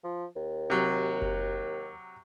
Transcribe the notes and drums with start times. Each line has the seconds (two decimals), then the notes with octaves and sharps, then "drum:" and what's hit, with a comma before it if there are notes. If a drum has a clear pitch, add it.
0.04 F3
0.36 D#2
0.70 C3 F#3
1.22 drum: kick F#1